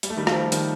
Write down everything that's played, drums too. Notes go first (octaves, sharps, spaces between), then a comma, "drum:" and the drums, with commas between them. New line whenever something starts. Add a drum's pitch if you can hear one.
G3, drum: hi-hat
A3
D#3 G3
F3 A3, drum: rim click
D#3 G3, drum: hi-hat